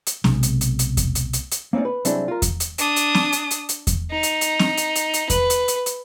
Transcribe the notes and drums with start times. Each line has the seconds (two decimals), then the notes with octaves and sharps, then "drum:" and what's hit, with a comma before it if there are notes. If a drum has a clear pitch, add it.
0.07 drum: hi-hat
0.24 B1 C3 G#3, drum: snare C4
0.43 drum: hi-hat
0.61 drum: hi-hat
0.79 drum: hi-hat
0.97 drum: kick E2, hi-hat
1.15 drum: hi-hat
1.33 drum: hi-hat
1.52 drum: hi-hat
1.73 A#3 C4 C#4 D#4 D5
1.85 B4
2.05 C2 F#3 G#3 C4 D4 E4, drum: hi-hat
2.28 F4 A#4
2.42 drum: kick E2, hi-hat
2.60 drum: hi-hat
2.78 D4 D#6, drum: hi-hat
2.96 drum: hi-hat
3.15 drum: snare C4
3.33 drum: hi-hat
3.51 drum: hi-hat
3.69 drum: hi-hat
3.87 drum: kick E2, hi-hat
4.11 D#4
4.23 drum: hi-hat
4.41 drum: hi-hat
4.59 drum: snare C4
4.77 drum: hi-hat
4.96 drum: hi-hat
5.14 drum: hi-hat
5.30 B4, drum: kick E2, hi-hat
5.50 drum: hi-hat
5.68 drum: hi-hat
5.86 drum: hi-hat